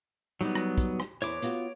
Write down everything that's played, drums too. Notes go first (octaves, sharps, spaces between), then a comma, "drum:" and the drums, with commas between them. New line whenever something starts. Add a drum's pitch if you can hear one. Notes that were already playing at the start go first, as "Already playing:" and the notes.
F#3 G3 B3 D#4
drum: rim click
drum: kick, hi-hat
drum: rim click
E2 E3 C5 C#5 D6, drum: hi-hat
B3 F4 F#4, drum: hi-hat